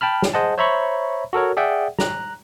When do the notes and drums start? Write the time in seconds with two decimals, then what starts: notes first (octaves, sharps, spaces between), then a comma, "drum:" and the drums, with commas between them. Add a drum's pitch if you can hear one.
0.01 G5 A5 B5 F6
0.22 drum: snare
0.34 G#4 C5 D#5 F#5 A5
0.58 C5 C#5 E5 A#5 B5 C#6
1.33 F#4 A4 A#4 C#5
1.57 G#4 D5 E5 F#5 G5
1.99 A#5 F#6, drum: snare